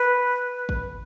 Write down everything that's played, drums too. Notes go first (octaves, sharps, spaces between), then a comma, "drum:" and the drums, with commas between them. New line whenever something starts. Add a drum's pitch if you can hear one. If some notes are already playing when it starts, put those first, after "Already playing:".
Already playing: B4
drum: kick